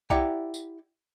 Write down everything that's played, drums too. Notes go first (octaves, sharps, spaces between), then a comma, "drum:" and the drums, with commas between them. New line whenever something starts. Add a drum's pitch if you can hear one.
E4 G4 D5 F#5 G5 A#5, drum: kick B1
drum: tambourine